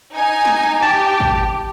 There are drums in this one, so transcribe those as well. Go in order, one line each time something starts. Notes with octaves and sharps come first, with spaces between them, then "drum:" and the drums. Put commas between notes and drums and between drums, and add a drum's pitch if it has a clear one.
D#4 G#5
drum: snare
G4 A5
drum: kick